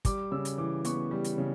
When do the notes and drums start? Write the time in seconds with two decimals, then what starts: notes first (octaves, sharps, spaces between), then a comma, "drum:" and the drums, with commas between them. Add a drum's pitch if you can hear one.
0.05 G3 D6, drum: kick, hi-hat
0.32 C#3 E6
0.45 drum: hi-hat
0.58 E3 D6
0.85 B3 C#6, drum: hi-hat
1.11 G3
1.24 drum: hi-hat
1.38 C#3